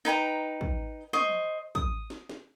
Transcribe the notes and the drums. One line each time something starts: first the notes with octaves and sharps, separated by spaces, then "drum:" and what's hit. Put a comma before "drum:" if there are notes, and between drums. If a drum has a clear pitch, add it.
D#4 B4 G5 A#5
drum: kick
C5 D#5 C#6, drum: tom
D#6, drum: kick
drum: snare
drum: snare